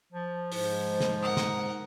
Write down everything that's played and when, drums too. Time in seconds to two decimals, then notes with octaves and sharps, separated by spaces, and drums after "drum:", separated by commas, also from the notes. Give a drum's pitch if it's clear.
0.13 F3
0.52 G#2 C5, drum: open hi-hat
1.01 drum: snare
1.23 A#4 F#5 D#6
1.37 drum: snare